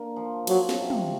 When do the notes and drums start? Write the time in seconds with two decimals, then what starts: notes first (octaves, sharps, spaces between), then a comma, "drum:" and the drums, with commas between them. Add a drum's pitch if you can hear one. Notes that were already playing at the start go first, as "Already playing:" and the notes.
Already playing: A#3 D4
0.16 F3
0.47 F3 F#3, drum: cymbal
0.69 drum: snare
0.80 C3
0.90 drum: tom